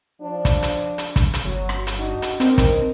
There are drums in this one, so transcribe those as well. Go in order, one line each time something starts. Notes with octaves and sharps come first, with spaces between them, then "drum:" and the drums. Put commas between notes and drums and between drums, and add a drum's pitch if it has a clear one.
F3 D4
drum: kick, hi-hat
drum: hi-hat
drum: hi-hat
drum: kick, hi-hat
drum: hi-hat
G1 F#3
drum: rim click
drum: hi-hat
D4 D#4 F#4
drum: hi-hat
C4 D4 D#4 A#4, drum: hi-hat
drum: kick, hi-hat